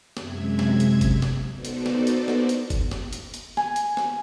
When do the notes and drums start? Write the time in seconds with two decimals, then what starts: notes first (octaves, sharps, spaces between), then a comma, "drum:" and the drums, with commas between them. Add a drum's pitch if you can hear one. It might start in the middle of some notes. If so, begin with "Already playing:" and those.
0.17 F#2 C3 G#3 E5 G#6, drum: snare
0.59 drum: snare
0.80 drum: hi-hat
1.01 drum: kick F#1, hi-hat
1.22 drum: snare
1.52 B3 D#4 F#4 A4 C5 D5
1.65 drum: hi-hat
1.86 drum: snare
2.07 drum: hi-hat
2.28 drum: snare
2.49 drum: hi-hat
2.70 drum: kick F#1, hi-hat
2.91 drum: snare
3.13 drum: hi-hat
3.34 drum: hi-hat
3.57 G#5, drum: snare
3.76 drum: hi-hat
3.97 drum: snare